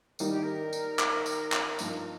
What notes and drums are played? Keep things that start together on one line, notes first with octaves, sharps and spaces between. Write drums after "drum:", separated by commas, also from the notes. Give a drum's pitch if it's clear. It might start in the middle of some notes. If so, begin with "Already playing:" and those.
D#3 G3 D#4 A#4, drum: tambourine
G4
A#4
drum: tambourine
drum: clap
drum: tambourine
drum: clap
G2 F3 D#4, drum: tambourine